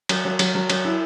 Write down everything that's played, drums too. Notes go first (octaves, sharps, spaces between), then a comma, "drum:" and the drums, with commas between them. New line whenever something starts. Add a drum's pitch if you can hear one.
F#3, drum: cymbal
F#3
F#3, drum: cymbal
F#3
F#3, drum: cymbal
E4